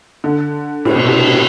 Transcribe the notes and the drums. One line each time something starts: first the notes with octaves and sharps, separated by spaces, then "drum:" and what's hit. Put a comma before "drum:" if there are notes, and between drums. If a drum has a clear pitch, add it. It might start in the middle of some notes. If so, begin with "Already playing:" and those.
D3
A2, drum: cymbal
B2
C3
A2